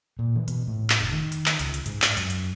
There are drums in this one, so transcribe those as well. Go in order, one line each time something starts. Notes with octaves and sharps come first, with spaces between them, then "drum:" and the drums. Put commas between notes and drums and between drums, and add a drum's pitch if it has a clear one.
A#2
E3
B2, drum: hi-hat
A2
drum: clap
F1
D#3
drum: hi-hat
drum: clap
C#2, drum: hi-hat
drum: hi-hat
G#2, drum: hi-hat
drum: clap
F#2, drum: hi-hat
drum: hi-hat